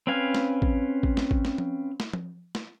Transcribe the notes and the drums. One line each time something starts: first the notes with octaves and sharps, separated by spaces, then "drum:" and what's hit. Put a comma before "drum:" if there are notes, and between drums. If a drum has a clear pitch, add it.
C4 C#4 B4 F5 G#5
drum: snare
drum: kick A1
drum: kick A1
drum: snare
drum: kick A1
drum: snare
drum: tom F3
drum: snare
drum: tom F3
drum: snare